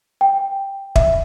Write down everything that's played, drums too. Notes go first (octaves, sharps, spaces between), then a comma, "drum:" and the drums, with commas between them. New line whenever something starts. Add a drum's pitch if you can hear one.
G5
E5, drum: kick